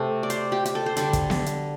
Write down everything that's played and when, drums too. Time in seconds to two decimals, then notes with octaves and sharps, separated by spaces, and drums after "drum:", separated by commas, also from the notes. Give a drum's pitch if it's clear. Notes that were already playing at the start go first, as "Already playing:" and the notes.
Already playing: C3 A3 C4 A4
0.23 D5
0.30 C5, drum: hi-hat
0.52 G4
0.65 G4, drum: hi-hat
0.75 A4
0.86 C5
0.97 D3 G3 D4 A4, drum: hi-hat
1.13 drum: kick, hi-hat
1.30 drum: snare B3
1.46 drum: hi-hat